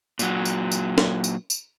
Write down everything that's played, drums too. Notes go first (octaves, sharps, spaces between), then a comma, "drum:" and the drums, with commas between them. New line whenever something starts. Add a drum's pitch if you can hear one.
A#2 F#3, drum: tambourine
drum: tambourine
drum: tambourine
drum: snare
drum: tambourine
drum: tambourine